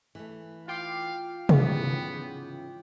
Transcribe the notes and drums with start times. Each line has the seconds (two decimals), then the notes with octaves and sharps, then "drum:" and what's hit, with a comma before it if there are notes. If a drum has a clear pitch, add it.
0.15 E3 A3
0.68 F4 F5 G5 D6
1.49 G#2 C#3 E3 B3, drum: tom C3